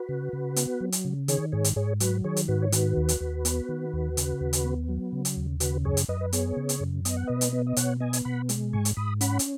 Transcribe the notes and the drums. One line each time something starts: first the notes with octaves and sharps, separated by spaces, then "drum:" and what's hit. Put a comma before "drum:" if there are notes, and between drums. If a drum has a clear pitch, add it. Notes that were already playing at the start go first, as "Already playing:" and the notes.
Already playing: F#4 B4
C#3
C#3
B3, drum: hi-hat
F#3
drum: hi-hat
C#3
D#3 G#4 C#5, drum: hi-hat
G#2 G#4 C#5
drum: hi-hat
G#2 G#4 C#5
F#3 F#4 B4, drum: hi-hat
D#3 G#4 C#5
drum: hi-hat
G#2 F#4 B4
C#5
D#3 F#4 B4, drum: hi-hat
D#2
drum: hi-hat
D#2
B3, drum: hi-hat
D#3
D#2
C#3, drum: hi-hat
D#2
drum: hi-hat
B3
F#3
C#3
drum: hi-hat
D#2
C#3 F#4 B4, drum: hi-hat
F#2 G#4 C#5
drum: hi-hat
F#2 B4 D#5
B4
B3 G#4 C#5, drum: hi-hat
C#3
drum: hi-hat
F#2
B3 D#5, drum: hi-hat
F#5
B2 B4 D#5
drum: hi-hat
B3
D#5
B2 C#5 F#5, drum: hi-hat
B3 D#5 G#5
drum: hi-hat
B2 F#5 B5
G#3, drum: hi-hat
G#2 G#5 C#6
drum: hi-hat
G#2 B5 D#6
C#4 F#5 B5, drum: hi-hat
drum: hi-hat